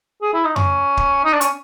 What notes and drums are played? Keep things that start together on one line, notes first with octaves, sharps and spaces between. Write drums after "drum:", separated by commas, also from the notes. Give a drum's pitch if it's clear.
G#4
E4
D#4
C#4, drum: tom F2
drum: kick C#1
D#4
D4
C#4, drum: hi-hat